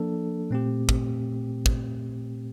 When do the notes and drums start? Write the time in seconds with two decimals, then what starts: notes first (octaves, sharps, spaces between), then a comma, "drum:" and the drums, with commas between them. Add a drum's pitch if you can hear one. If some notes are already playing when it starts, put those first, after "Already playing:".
Already playing: F3 A#3 D4 A4
0.50 A#2 A3 C4 G4
0.89 drum: kick
1.66 drum: kick